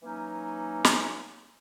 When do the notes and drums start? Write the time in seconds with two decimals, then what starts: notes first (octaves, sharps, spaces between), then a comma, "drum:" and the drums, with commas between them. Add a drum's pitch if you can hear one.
0.03 E3 F#3 A#3 C#4 D#4
0.85 drum: snare